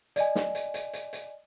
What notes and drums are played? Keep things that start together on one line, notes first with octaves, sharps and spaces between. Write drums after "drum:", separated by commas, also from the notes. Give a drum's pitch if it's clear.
D5 D#5 G#5, drum: hi-hat
drum: snare
drum: hi-hat
drum: hi-hat
drum: hi-hat
drum: hi-hat